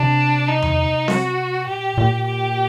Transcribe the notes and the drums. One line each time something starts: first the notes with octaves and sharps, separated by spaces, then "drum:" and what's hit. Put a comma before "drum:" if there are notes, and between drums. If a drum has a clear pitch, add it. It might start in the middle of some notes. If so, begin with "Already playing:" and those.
Already playing: C3 D4
D#4
drum: tom E2
F#4, drum: snare C4
A#2 G4
A#2
G4